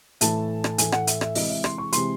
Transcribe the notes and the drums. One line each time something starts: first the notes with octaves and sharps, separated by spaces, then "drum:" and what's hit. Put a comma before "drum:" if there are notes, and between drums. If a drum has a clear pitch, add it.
A2 E3 A3 A5, drum: hi-hat
drum: rim click
A2 E3 A3 G#5, drum: hi-hat
F#5, drum: rim click
E5, drum: hi-hat
E5, drum: rim click
C3 E3 G#3 D#5, drum: open hi-hat
E5
C6, drum: rim click
C#6
C3 E3 G#3 C6, drum: hi-hat